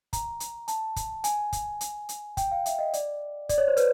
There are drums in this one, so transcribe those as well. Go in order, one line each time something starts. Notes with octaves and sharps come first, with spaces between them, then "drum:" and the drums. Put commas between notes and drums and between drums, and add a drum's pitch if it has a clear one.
A#5, drum: kick, hi-hat
drum: hi-hat
A5, drum: hi-hat
drum: kick, hi-hat
G#5, drum: hi-hat
drum: kick, hi-hat
drum: hi-hat
drum: hi-hat
G5, drum: kick, hi-hat
F5
E5, drum: hi-hat
D#5
D5, drum: hi-hat
D5, drum: kick, hi-hat
C#5
C5
B4, drum: hi-hat